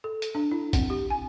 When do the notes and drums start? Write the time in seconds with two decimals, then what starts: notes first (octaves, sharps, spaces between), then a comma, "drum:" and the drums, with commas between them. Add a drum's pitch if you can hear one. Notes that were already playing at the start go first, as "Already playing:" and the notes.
0.04 A4
0.22 drum: hi-hat
0.35 D4
0.51 E4
0.73 C4, drum: kick A#1, hi-hat
0.90 G4
1.10 G#5